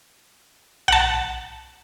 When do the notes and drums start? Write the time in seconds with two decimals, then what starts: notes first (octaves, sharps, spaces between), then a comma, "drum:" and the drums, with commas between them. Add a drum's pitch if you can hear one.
0.88 F#5 A5, drum: tom B1